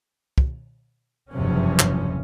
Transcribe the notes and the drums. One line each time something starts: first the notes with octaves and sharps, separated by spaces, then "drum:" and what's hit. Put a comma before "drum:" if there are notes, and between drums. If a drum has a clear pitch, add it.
drum: kick
F#1 E2 G2 C3 F3 C#4
drum: clap